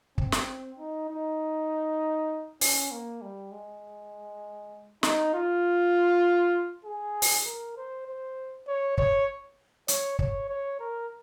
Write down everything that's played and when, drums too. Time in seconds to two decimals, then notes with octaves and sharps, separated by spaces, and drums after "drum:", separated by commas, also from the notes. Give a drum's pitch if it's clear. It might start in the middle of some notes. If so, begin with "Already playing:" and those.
0.18 C4, drum: kick
0.32 drum: snare
0.79 D#4
1.09 D#4
2.61 C#4, drum: open hi-hat
2.92 A#3
3.22 G3
3.52 G#3
5.03 D#4, drum: snare
5.34 F4
6.85 G#4
7.22 drum: open hi-hat
7.46 A#4
7.77 C5
8.07 C5
8.67 C#5
8.98 C#5, drum: kick
9.88 C#5, drum: hi-hat
10.19 C#5, drum: kick
10.49 C#5
10.80 A#4